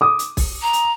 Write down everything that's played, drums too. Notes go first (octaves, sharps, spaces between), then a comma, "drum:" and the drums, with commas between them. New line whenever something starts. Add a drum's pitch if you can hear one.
D6 D#6
drum: hi-hat
drum: kick, open hi-hat
A#5
drum: hi-hat